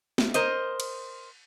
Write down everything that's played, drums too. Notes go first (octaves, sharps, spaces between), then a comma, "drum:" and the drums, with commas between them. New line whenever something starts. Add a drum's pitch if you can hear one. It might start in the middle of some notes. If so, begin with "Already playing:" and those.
drum: snare
A#4 C5 D#5, drum: hi-hat
drum: cymbal